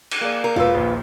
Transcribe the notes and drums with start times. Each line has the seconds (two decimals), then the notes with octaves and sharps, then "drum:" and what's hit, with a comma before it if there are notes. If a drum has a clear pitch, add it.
0.11 drum: cymbal
0.21 A#3 G#4 D5
0.44 A#4
0.56 E1 A#3 F4 B4 E6
0.74 A#1 D#2